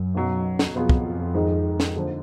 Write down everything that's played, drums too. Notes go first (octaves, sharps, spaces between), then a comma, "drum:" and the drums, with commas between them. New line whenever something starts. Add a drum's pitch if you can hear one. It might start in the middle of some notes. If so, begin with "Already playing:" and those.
Already playing: F#2
B1 B2 F#3
drum: snare
F2 B2 F#3 B3 F4 G#4
drum: kick
G#2 D#3 G#3
drum: snare
D#2 D3 F3